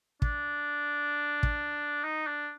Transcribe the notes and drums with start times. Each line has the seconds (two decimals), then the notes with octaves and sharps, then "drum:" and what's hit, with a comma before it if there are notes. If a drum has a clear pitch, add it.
0.22 D4, drum: kick
1.43 drum: kick
2.04 D#4
2.27 D4